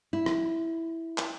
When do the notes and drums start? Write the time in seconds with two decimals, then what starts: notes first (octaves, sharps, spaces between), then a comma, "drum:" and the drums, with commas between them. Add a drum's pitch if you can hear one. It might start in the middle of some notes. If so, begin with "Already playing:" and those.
0.13 E4
0.26 drum: rim click
1.18 drum: clap